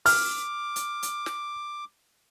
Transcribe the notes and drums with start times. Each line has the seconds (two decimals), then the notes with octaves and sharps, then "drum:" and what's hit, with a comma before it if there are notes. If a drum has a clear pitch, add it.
0.06 D6 F6, drum: open hi-hat
0.76 drum: hi-hat
1.03 drum: hi-hat
1.26 drum: snare